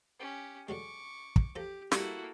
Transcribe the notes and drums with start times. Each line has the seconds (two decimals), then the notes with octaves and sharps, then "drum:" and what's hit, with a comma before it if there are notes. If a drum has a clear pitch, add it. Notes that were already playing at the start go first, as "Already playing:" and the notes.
0.19 C#4 G4
0.69 D3 F#3 G#3 C#6 D6
1.36 drum: kick
1.56 F3 G4 A4 A#5
1.92 G3 A#3 E4 F#4 A4, drum: snare